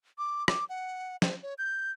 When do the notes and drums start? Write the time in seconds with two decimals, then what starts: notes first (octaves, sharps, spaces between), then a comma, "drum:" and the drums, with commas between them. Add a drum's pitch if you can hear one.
0.18 D6
0.48 D6, drum: rim click
0.69 F#5
1.22 C5, drum: snare
1.43 C#5
1.58 G6